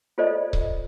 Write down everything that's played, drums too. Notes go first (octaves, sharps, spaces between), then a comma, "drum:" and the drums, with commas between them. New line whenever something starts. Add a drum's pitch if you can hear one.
F4 A4 C5 D5 D#5
drum: kick C#1